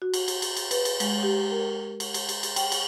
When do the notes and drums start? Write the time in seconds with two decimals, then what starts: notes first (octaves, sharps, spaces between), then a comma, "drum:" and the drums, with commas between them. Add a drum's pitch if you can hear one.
0.02 F#4
0.14 drum: cymbal
0.28 drum: cymbal
0.42 drum: cymbal
0.57 drum: cymbal
0.71 B4, drum: cymbal
0.85 drum: cymbal
1.00 G#3, drum: cymbal
1.23 G4
1.51 A#4
2.00 drum: cymbal
2.14 drum: cymbal
2.29 drum: cymbal
2.43 drum: cymbal
2.56 G5, drum: cymbal
2.72 drum: cymbal